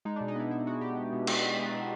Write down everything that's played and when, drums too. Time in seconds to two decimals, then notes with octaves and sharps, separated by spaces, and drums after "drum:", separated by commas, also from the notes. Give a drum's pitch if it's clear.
0.05 G#3 D#4
0.16 B2 D4
0.28 D#4
0.35 B3 E4
0.51 B2 E4
0.66 G#3 F#4
0.81 B2 G4
0.97 B3
1.13 B2
1.27 G#3, drum: cymbal
1.44 B2
1.58 B3
1.74 B2